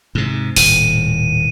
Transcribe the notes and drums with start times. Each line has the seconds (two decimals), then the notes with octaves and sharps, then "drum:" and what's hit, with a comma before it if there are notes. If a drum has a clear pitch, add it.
0.15 G#2 C3
0.56 D#1 A2 D#7, drum: open hi-hat